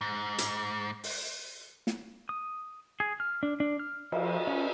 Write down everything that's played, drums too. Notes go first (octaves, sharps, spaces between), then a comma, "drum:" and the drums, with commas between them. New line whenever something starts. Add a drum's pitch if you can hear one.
G#2
drum: hi-hat
drum: open hi-hat
drum: snare
D#6
G#4
F6
D4
D4
F6
F3, drum: cymbal
C#4